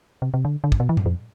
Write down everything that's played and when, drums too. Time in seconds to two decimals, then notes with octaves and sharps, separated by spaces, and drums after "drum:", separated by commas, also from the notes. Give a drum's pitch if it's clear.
0.22 C3
0.34 C3
0.45 D3
0.64 D3
0.72 G2, drum: kick
0.80 B2
0.89 E3
0.97 G2, drum: tom A2
1.06 F2